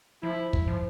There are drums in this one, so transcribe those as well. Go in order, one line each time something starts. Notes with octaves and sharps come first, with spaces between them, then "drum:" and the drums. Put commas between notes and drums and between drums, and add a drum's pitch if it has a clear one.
F3 E4
drum: kick
F3